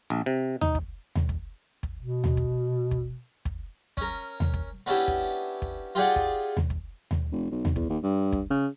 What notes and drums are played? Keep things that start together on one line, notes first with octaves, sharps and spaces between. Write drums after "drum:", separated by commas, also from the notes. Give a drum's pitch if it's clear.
A#1
C3
D#4, drum: tom D#2
drum: kick
drum: tom D#2
drum: kick
drum: kick
B2
drum: tom D#2
drum: kick
drum: kick
drum: kick
C#4 A#4, drum: kick
drum: tom D#2
drum: kick
B3 C#4 D4 E4 G4
drum: kick
drum: kick
F4 G4 G#4 D5 F#5
drum: kick
drum: tom D#2
drum: kick
drum: tom D#2
F1
B1
drum: tom D#2
E2, drum: kick
D#2
G2
drum: kick
C#3